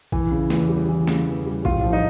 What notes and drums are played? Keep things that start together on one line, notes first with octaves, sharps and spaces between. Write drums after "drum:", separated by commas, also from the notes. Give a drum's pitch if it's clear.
E3, drum: kick A#1
C#3
E2, drum: snare
G3
E3
C#3, drum: snare
E2
G3
A2 F4, drum: kick A#1
F3
D#4